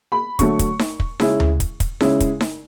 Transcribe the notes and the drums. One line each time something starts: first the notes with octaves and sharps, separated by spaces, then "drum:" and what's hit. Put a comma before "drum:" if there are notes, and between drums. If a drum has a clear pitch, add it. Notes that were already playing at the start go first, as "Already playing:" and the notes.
B5
D3 F#3 A3 C#6, drum: kick, hi-hat
drum: kick, hi-hat
drum: snare D#4
drum: kick
C#3 G#3 C#4 E4, drum: snare D#4
drum: tom D2
drum: kick, hi-hat
drum: kick, hi-hat
C#3 G#3 C#4 E4, drum: snare D#4
drum: kick, hi-hat
drum: snare D#4